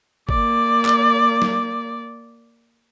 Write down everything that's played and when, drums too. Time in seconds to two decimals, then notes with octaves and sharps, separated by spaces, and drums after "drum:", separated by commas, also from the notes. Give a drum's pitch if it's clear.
0.29 A#3 D5, drum: kick G#1
0.85 drum: clap
1.42 drum: snare